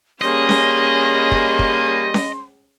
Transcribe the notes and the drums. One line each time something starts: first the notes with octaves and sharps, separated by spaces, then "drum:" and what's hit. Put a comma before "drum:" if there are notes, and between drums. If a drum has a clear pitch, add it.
G3 A#3 C#4 G#4 D#5 C6
drum: snare C#4
drum: kick
drum: kick
drum: snare C#4